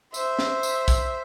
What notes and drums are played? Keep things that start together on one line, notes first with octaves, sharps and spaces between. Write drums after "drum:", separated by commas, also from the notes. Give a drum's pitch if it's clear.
C5 E5, drum: tambourine
drum: snare
drum: tambourine
drum: kick, tambourine